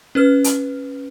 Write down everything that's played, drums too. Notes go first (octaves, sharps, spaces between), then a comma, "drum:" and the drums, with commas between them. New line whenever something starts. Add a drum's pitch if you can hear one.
C#4 B4 F6
drum: hi-hat